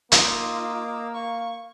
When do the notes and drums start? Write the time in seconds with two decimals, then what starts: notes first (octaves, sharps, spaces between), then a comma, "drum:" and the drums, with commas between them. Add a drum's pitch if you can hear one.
0.12 A#3 D#4 F4 D#5 D6 E6, drum: hi-hat
1.14 F5 C#6